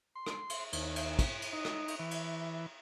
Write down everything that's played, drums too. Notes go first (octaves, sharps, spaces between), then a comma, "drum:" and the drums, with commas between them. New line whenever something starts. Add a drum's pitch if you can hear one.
C6
drum: rim click
drum: cymbal
D#2, drum: cymbal
drum: cymbal
drum: kick, cymbal
drum: cymbal
D#4
drum: rim click
drum: cymbal
E3
drum: cymbal